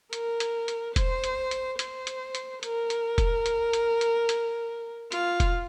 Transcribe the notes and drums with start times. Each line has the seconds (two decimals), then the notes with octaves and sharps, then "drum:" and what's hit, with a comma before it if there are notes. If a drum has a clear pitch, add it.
0.13 A#4, drum: hi-hat
0.40 drum: hi-hat
0.68 drum: hi-hat
0.96 C5, drum: kick E1, hi-hat
1.24 drum: hi-hat
1.51 drum: hi-hat
1.79 C5, drum: hi-hat
2.07 drum: hi-hat
2.35 drum: hi-hat
2.63 A#4, drum: hi-hat
2.90 drum: hi-hat
3.18 drum: kick E1, hi-hat
3.46 drum: hi-hat
3.73 drum: hi-hat
4.01 drum: hi-hat
4.29 drum: hi-hat
5.12 F4, drum: hi-hat
5.40 drum: kick E1, hi-hat